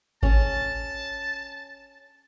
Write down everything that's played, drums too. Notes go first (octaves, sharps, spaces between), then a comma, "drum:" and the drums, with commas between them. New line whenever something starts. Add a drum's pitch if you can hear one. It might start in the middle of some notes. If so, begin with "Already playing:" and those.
C#4 G#4 A5, drum: kick G#1